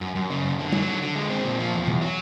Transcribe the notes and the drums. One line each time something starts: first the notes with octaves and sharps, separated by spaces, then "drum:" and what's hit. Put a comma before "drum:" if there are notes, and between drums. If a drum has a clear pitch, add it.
F#2
F#2
C#3
F#2
D3
F#3, drum: tom
D3
D3
G#3
C4
A#2
F3
E2
E2, drum: tom B2
F#3